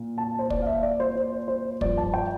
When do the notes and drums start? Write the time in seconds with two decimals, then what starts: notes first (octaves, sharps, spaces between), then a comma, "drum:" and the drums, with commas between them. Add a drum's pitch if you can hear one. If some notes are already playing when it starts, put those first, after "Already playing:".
Already playing: A#2
0.18 A5
0.39 C5
0.50 D5, drum: kick
0.62 F5
0.66 E5
0.83 D5
1.00 C5
1.15 C5
1.48 C5
1.81 G2 F3 D5, drum: kick
1.97 A5
2.14 G5